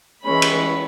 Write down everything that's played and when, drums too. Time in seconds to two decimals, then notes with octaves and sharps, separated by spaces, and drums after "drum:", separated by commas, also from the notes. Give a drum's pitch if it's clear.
0.23 E3 G#3 C#4 B5
0.42 drum: cymbal